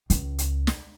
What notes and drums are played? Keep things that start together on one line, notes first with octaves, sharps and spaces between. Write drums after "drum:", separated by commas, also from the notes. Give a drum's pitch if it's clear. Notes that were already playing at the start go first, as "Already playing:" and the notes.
C#2, drum: hi-hat
drum: hi-hat
drum: snare